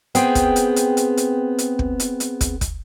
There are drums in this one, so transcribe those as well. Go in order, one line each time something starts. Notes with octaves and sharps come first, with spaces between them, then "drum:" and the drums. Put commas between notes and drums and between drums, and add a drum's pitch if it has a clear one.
B3 C4 G#4 G5, drum: hi-hat
drum: kick, hi-hat
drum: hi-hat
drum: hi-hat
drum: hi-hat
drum: hi-hat
drum: hi-hat
drum: kick
drum: hi-hat
drum: hi-hat
drum: kick, hi-hat
drum: kick, hi-hat